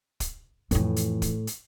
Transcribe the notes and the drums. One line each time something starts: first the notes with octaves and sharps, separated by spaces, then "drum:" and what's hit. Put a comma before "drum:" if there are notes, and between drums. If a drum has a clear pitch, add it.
drum: kick, hi-hat
F2 A2 E3, drum: hi-hat
drum: hi-hat
drum: kick, hi-hat
drum: hi-hat